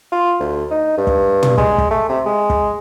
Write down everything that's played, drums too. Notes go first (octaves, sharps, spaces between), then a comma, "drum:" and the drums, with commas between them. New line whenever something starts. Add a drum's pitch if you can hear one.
F4
D2
D#4
G2
drum: kick
drum: tom
G#3, drum: kick
drum: kick
A3
C3
G#3
drum: kick